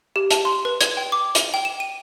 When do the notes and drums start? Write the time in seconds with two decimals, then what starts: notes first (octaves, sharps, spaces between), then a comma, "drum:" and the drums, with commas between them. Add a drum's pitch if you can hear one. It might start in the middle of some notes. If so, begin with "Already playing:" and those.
0.16 G4
0.31 A5, drum: hi-hat
0.45 C6
0.65 B4
0.81 G#6, drum: hi-hat
0.97 G5
1.12 D6
1.35 G7, drum: hi-hat
1.54 G5
1.65 E7
1.80 D#7